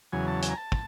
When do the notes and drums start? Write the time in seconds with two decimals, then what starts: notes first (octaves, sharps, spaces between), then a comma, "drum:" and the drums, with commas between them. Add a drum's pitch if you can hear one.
0.13 E2 C#3 F#3 G#5
0.28 A5
0.42 G#5, drum: hi-hat
0.50 A#5
0.57 A5
0.72 drum: kick